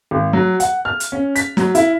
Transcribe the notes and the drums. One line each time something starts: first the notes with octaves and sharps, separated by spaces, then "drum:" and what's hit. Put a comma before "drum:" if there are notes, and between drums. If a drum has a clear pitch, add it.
G#1
F#3
F#5, drum: hi-hat
F6
drum: hi-hat
C#4
B6, drum: hi-hat
F#3, drum: snare
E4, drum: hi-hat